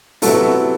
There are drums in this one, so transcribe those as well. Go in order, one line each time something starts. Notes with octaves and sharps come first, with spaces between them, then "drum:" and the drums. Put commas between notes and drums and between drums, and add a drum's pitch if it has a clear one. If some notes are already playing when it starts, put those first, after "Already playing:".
C3 F#3 B3 E4 F#4 A4, drum: open hi-hat